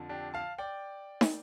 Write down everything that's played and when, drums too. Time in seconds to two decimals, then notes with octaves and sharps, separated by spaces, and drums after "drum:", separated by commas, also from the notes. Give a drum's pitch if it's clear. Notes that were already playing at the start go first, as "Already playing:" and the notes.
Already playing: F2 D3 F3
0.09 D4 G4
0.34 F5 A5
0.58 D5 G5
1.21 drum: snare